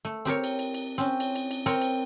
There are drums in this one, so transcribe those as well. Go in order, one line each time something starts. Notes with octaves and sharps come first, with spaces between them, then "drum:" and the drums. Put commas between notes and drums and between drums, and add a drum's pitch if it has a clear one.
A3
C4 G4 A#4 C#5
drum: cymbal
drum: cymbal
drum: cymbal
C4 C#4
drum: cymbal
drum: cymbal
drum: cymbal
C4 A#4 C#5, drum: cymbal
drum: cymbal